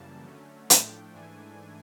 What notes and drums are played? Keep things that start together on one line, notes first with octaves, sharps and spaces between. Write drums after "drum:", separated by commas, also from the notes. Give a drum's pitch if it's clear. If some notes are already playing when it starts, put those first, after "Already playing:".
Already playing: F#2 C#3 E3 G3 A#3 A5
D3 F#3 A3 C#4
A2 F3 A3 D4 G5, drum: hi-hat
G#2 E3 A3 D4 G#5